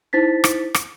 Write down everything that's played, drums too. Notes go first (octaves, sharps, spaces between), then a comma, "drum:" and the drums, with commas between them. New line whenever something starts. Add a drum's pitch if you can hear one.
D#4 E4 C5 A6 B6
drum: rim click
drum: rim click